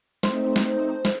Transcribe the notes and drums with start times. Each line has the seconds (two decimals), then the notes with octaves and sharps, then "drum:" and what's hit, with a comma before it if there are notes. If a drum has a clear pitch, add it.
0.23 A3 C4 D#4 C5, drum: snare
0.56 drum: snare
1.05 drum: snare